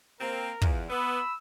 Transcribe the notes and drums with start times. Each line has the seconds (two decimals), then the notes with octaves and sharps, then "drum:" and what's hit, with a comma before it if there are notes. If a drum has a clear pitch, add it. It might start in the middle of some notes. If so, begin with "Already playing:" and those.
0.21 A#3 C4 A#4
0.62 E2 F4, drum: kick
0.90 B3 B5 E6